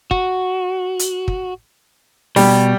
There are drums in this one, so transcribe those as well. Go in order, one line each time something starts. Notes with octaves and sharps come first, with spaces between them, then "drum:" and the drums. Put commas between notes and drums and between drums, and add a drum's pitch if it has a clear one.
F#4, drum: kick
drum: hi-hat
drum: kick
B2 G3, drum: open hi-hat